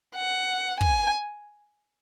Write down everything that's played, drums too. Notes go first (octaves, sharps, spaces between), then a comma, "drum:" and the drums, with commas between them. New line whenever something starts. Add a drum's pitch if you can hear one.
F#5
G#5, drum: kick